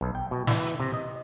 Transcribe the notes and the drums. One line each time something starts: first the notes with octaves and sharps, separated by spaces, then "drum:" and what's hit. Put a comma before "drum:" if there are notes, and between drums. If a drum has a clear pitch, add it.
B1
G5
B2
E3, drum: snare
drum: hi-hat
C3
D#5